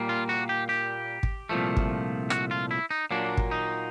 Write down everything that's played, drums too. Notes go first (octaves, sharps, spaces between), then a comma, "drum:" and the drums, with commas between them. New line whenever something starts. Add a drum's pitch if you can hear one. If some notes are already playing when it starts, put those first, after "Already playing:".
Already playing: A#2 G3 A#3
F4
F#4
G4
G4
drum: kick
C2 A#2 F3 A3
drum: kick
F#4, drum: rim click
F4
E4
D#4
A#2 F#3 A#3 D4
drum: kick
D#4